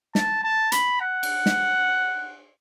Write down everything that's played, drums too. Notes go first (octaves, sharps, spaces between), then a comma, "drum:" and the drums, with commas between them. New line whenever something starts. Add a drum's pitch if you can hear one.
A5, drum: snare
A5
B5, drum: hi-hat
F#5
drum: cymbal
drum: snare